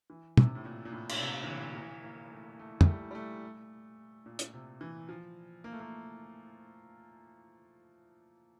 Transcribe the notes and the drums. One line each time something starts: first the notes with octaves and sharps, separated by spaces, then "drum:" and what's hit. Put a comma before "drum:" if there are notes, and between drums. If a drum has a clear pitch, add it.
E3
C3, drum: tom
A2
A#2
A#2
A2
drum: cymbal
C3
E3
D3
F3
E3
A#3
A3
A3
G3, drum: tom
A3
G3
A3
A#2
drum: hi-hat
C3
E3
F3
A#3
A3
A#3